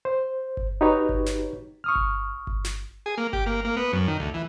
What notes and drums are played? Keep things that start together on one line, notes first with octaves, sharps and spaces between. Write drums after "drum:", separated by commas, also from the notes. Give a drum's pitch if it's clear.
C5
drum: kick G1
D#4 F#4 G4 B4 C#5
drum: kick G1
drum: snare
C#6 D#6 F6
drum: kick G1
drum: kick G1
drum: snare
G#4
A#3
G4, drum: kick G1
A#3
A#3
B3
F#2
D#3
D2
E3